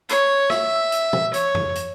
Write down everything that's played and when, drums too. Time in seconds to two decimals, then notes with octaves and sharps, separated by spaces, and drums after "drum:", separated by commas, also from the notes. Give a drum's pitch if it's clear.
0.09 C#5, drum: hi-hat
0.50 E5, drum: snare
0.92 drum: hi-hat
1.13 drum: tom
1.34 C#5, drum: hi-hat
1.55 drum: tom F2
1.75 drum: hi-hat